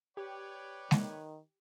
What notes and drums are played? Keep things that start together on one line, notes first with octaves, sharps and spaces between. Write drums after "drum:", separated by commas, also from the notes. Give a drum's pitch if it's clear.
G4 B4 C#5 D5 G5
D#3, drum: snare G#3